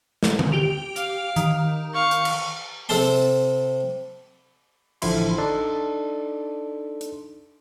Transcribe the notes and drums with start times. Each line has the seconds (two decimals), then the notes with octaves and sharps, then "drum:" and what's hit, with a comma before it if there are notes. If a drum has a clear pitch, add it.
0.23 drum: snare
0.39 drum: tom D3
0.52 G4 D7 F7
0.96 F5, drum: hi-hat
1.36 D#3, drum: hi-hat
1.93 F5 C#6
2.11 drum: hi-hat
2.25 drum: cymbal
2.89 C3 C4 A4 C5 A5 C6, drum: open hi-hat
5.02 A1 D3 F3 E4 C6, drum: cymbal
5.38 D4 D#4 A4 D5 C6
7.01 drum: hi-hat